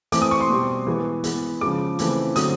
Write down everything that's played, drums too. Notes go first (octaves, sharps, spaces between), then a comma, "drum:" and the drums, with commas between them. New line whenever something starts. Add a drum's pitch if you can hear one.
E3 A3 C4 D6, drum: hi-hat
D#6
C#6
C6
B2 G3 C4
E3 G#3 B3
E3 G#3 B3, drum: hi-hat
C#3 F3 G#3 D6
C#3 E3 A3 C4, drum: hi-hat
D3 F#3 A3 C4 D#6, drum: hi-hat